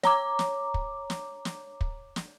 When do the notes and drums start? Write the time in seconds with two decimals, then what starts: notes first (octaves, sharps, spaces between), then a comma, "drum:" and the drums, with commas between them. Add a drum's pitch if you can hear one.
0.03 C#5 A#5 D6, drum: snare
0.39 drum: snare
0.74 drum: kick
1.10 drum: snare
1.45 drum: snare
1.81 drum: kick
2.16 drum: snare